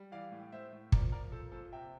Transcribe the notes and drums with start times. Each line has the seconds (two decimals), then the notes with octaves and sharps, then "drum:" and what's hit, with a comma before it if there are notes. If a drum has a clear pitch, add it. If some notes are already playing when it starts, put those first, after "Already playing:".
Already playing: G3
0.12 E3 D5 F5
0.32 A2
0.52 A2 C5 E5
0.73 A2
0.92 F3 A#4 D5, drum: kick
1.12 F3 A#4 D5
1.32 F3 A4 C5
1.52 A#2 A4 C5
1.72 C3 E5 G5